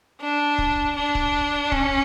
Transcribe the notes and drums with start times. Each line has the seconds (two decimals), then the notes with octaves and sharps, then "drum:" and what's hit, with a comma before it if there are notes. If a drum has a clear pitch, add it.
0.21 D4
0.58 drum: kick
0.96 D4
1.15 drum: kick
1.72 C#4, drum: kick